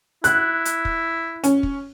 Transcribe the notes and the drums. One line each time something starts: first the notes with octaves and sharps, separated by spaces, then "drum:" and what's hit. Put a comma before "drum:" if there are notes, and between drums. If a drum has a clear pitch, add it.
E4 F#6, drum: hi-hat
drum: hi-hat
drum: kick
C#4, drum: hi-hat
drum: kick